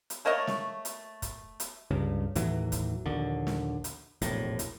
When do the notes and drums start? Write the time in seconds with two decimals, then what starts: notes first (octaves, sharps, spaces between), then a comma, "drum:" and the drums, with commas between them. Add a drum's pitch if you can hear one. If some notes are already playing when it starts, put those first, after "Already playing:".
0.10 drum: hi-hat
0.25 A3 A#3 C#5 D#5
0.47 drum: snare
0.85 drum: hi-hat
1.22 drum: kick, hi-hat
1.60 drum: hi-hat
1.91 C#2 G2 C#3
2.35 D#2 A2 E3 F#3, drum: hi-hat
2.72 drum: kick, hi-hat
3.06 A#1 D#2 D3
3.47 drum: snare
3.84 drum: hi-hat
4.22 E1 A#1 A2, drum: kick, hi-hat
4.59 drum: hi-hat